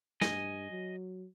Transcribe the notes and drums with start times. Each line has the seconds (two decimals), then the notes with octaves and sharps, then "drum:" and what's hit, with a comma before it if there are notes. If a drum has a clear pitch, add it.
0.21 G2 D#5 G#5, drum: snare
0.70 F#3